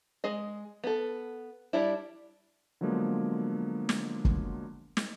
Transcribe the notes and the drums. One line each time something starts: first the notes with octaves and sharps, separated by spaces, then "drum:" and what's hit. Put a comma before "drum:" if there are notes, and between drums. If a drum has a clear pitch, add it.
G#3 G#4 D#5
B3 A4
G3 D4 E4
D3 F3 F#3 G#3 A#3 B3
drum: snare
drum: kick
drum: snare